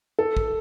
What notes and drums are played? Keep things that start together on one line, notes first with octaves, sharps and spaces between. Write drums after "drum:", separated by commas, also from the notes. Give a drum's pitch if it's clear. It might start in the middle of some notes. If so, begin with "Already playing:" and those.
A4
drum: kick